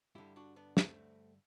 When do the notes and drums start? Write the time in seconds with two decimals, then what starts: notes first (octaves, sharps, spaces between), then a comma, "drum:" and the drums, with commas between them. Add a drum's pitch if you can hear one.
0.15 G2 D3 G3 E4 G4
0.36 D4 F#4
0.56 B3 D4
0.77 A3 C4, drum: snare